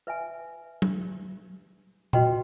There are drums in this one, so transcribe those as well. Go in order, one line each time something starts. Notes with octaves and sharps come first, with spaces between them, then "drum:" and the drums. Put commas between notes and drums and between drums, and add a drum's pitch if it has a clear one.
B4 E5 G#5
drum: tom
F#4 B4 D#5 G5 C6, drum: tom A#2